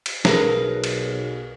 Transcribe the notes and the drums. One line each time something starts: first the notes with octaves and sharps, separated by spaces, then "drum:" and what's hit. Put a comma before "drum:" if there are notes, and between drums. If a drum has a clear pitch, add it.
drum: cymbal
B1 G#4 A#4 B4, drum: snare
drum: cymbal